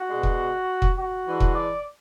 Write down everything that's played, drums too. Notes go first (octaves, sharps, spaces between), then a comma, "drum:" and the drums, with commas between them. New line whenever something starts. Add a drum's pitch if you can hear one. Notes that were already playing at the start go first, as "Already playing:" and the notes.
Already playing: F#4
B2 G#3 D4
drum: kick
drum: kick
F#4
E3 G#3 D4
drum: kick
D5